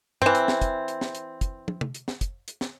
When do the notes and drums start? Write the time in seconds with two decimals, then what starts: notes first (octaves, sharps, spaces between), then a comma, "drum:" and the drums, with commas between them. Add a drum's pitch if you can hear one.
0.22 E3 C4, drum: tom G2
0.35 drum: hi-hat
0.48 drum: snare
0.61 drum: kick, hi-hat
0.88 drum: hi-hat
1.01 drum: snare
1.15 drum: hi-hat
1.41 drum: kick, hi-hat
1.68 drum: tom
1.81 drum: tom
1.95 drum: hi-hat
2.08 drum: snare
2.21 drum: kick, hi-hat
2.48 drum: hi-hat
2.61 drum: snare